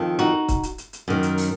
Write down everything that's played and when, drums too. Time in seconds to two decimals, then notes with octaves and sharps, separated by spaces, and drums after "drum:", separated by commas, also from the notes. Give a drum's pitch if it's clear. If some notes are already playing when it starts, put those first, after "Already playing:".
Already playing: F2 D#3
0.19 D#4 F#4
0.48 drum: kick C#1, hi-hat
0.63 drum: hi-hat
0.78 drum: hi-hat
0.93 drum: hi-hat
1.08 F#2 D#3
1.23 drum: hi-hat
1.38 drum: open hi-hat